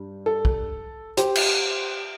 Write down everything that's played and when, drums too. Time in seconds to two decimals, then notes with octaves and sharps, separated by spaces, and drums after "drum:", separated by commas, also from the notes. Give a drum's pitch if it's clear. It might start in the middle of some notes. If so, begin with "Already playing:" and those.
Already playing: G2 G3
0.26 A4
0.45 drum: kick
1.17 G4 C5, drum: hi-hat
1.36 drum: cymbal